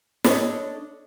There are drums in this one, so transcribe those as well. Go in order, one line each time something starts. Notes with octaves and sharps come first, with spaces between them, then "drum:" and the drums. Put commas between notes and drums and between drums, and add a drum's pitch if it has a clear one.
D4 A4 A#4 C#5 D#5, drum: snare